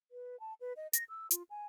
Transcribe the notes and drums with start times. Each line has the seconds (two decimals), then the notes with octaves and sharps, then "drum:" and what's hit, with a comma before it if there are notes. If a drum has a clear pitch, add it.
0.11 B4
0.40 A5
0.61 B4
0.76 D#5
0.93 A#6, drum: hi-hat
1.09 E6
1.31 F4, drum: hi-hat
1.50 G#5